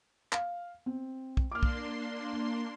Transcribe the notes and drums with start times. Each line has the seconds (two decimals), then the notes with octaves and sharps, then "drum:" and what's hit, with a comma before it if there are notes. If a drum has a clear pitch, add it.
0.32 F5, drum: clap
0.86 C4
1.37 drum: kick
1.52 A#3 D4 C6 D6 F6
1.63 drum: kick